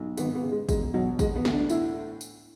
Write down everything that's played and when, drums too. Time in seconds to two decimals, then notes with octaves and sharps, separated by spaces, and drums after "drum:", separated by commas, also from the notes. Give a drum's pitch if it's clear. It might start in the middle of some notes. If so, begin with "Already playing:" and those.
Already playing: B1
0.17 G#1 B3, drum: tambourine
0.35 B3
0.43 C#3
0.52 G#3
0.69 E1 G#3, drum: kick, tambourine
0.94 B2 F#3
1.19 E1 G#3, drum: kick, tambourine
1.36 B3
1.45 D2, drum: snare
1.53 D4
1.70 A2 E4, drum: tambourine
2.21 drum: tambourine